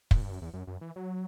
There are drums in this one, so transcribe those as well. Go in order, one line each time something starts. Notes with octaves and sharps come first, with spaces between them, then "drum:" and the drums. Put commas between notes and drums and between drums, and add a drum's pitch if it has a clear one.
F#2, drum: kick
A#2
G2
F#2
E2
F#2
F#2
E3
F#3